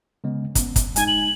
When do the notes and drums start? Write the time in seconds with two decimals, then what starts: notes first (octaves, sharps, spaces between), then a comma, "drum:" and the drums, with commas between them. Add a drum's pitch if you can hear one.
0.24 C#3 G#3 B3
0.55 B3 C#4, drum: kick, hi-hat
0.76 drum: kick, hi-hat
0.96 G#3 D#4 G#5, drum: hi-hat
1.08 F#7